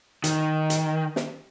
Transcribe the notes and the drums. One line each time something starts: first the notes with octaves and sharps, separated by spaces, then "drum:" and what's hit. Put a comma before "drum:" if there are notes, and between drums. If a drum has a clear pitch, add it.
D#3, drum: hi-hat
drum: hi-hat
drum: snare